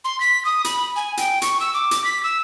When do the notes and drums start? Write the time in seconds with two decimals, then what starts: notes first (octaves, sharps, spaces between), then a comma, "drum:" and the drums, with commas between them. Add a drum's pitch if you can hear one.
0.05 C6
0.20 B6
0.45 D#6
0.64 B5, drum: hi-hat
0.96 G#5
1.17 G5, drum: hi-hat
1.42 C#6, drum: hi-hat
1.60 E6
1.74 D6
1.91 drum: hi-hat
2.04 B6
2.23 E6